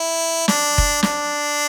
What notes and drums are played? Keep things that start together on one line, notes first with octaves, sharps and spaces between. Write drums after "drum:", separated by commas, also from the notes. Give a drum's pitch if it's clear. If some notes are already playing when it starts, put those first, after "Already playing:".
Already playing: E4
D4, drum: snare
drum: kick F1
D4, drum: snare